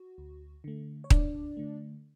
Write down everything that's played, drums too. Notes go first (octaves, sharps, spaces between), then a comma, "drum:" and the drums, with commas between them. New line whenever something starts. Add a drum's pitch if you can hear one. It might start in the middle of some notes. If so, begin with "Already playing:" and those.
Already playing: F#4
D2
D3 A3
C#5
D2 D4 D5, drum: kick D#1
D3 A3